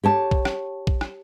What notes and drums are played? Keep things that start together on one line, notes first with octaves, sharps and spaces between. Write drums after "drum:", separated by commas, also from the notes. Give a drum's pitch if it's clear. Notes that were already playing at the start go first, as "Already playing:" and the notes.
G4 C#5 A5
drum: kick A#1
drum: rim click
drum: kick A#1
drum: rim click